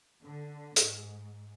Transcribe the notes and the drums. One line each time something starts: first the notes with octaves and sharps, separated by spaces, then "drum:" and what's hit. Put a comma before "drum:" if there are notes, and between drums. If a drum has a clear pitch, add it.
D3
G#2, drum: hi-hat